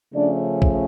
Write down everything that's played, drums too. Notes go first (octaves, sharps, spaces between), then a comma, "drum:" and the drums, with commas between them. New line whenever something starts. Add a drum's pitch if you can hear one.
C#3 F3 A3 C#4 D4 D5
drum: kick A#1